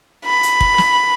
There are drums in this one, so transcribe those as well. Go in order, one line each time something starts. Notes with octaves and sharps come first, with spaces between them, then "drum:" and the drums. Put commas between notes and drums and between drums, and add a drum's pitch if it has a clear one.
B5
drum: hi-hat
drum: kick
drum: snare